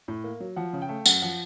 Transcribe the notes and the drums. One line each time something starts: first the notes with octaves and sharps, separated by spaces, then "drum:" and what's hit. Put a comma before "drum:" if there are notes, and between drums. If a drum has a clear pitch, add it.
A2
A#3
F#3
F3 F#5
C#3
G5
A3
F#2 F#5, drum: tambourine
F3 F#5